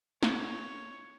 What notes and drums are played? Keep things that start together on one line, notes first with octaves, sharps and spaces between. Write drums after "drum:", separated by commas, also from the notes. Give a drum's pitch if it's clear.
C#5, drum: snare